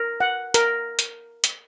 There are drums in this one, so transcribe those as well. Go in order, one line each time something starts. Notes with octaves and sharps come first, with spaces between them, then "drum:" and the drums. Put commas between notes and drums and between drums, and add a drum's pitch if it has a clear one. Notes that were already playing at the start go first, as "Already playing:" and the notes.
Already playing: A#4
F#5
A#4, drum: hi-hat
drum: hi-hat
drum: hi-hat